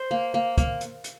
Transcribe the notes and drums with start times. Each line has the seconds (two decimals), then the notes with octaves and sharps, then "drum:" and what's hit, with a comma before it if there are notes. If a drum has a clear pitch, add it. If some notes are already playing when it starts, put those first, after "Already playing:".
Already playing: C5
0.11 A#3
0.34 A#3
0.58 A#3, drum: kick, hi-hat
0.81 drum: hi-hat
1.04 drum: hi-hat